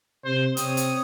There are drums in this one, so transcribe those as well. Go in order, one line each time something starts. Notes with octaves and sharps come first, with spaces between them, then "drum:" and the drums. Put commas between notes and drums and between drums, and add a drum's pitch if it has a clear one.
C3 C5
C3 C4 C#5 D#6, drum: hi-hat
drum: hi-hat